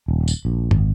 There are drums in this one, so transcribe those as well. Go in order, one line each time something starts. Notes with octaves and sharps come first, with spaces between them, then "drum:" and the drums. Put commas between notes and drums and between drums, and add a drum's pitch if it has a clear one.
D#1
drum: tambourine
A#1
G#1, drum: tom F#2